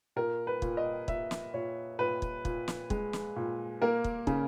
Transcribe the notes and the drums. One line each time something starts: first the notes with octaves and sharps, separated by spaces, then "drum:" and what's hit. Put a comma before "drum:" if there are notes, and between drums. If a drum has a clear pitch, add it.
A#2 A#4
B4
A#2, drum: kick
D#5
A#2 E5, drum: kick
drum: snare
A#2 C#5
A#2 B4
drum: kick
A#2, drum: kick
drum: snare
G#3, drum: kick
drum: snare
A#2
A#3 A#4
drum: kick
C#3, drum: kick